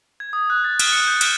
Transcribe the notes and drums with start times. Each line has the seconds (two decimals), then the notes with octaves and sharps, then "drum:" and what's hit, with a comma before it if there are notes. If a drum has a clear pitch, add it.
0.20 G#6
0.33 D#6
0.50 F#6
0.64 A6
0.79 F6, drum: cymbal
0.92 C#7
1.08 G6
1.21 F6, drum: cymbal